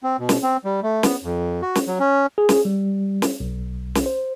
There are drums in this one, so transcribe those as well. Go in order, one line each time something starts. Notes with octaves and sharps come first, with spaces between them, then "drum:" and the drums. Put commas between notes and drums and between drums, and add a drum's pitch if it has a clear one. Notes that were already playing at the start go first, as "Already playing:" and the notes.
C4
B2
drum: snare
C4
G3
A3
B3, drum: snare
F2
F#4
drum: snare
F#3
C#4
G#4
drum: snare
G3
drum: snare
B1
drum: snare
C5